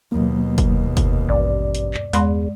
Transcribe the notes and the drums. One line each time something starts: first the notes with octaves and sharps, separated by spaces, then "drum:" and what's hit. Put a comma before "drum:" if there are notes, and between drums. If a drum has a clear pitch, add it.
D#2 B2 F#3 A#3
drum: kick, hi-hat
drum: kick, hi-hat
A1 G2 D5
drum: hi-hat
drum: clap
E2 G#3 B5 C6, drum: hi-hat